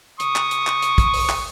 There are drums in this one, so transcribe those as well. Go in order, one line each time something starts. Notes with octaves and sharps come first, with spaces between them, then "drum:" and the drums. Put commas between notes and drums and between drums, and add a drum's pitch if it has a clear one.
C#6 D#6, drum: hi-hat
drum: clap
drum: hi-hat
drum: clap
drum: hi-hat
drum: kick, hi-hat
drum: open hi-hat
drum: clap